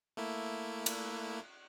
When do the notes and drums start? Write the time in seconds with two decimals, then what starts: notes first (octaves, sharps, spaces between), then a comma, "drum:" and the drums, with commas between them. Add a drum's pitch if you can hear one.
0.17 A3 A#3 E4
0.86 drum: cymbal